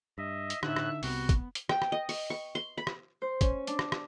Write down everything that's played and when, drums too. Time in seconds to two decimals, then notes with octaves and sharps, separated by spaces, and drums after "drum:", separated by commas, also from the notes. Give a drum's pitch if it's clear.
0.18 G2 D#5 E5
0.50 drum: hi-hat
0.63 A2 D3 D#4 E5 F#6, drum: rim click
0.76 drum: rim click
1.03 C2 C3 B3 F#4, drum: open hi-hat
1.29 drum: kick, hi-hat
1.55 drum: hi-hat
1.69 G5, drum: rim click
1.82 drum: rim click
1.92 D#5
2.09 C#6, drum: open hi-hat
2.30 C#6
2.55 C6
2.78 B5
2.87 drum: rim click
3.22 C5
3.41 C#4, drum: kick, hi-hat
3.67 D4, drum: hi-hat
3.79 drum: rim click
3.92 drum: rim click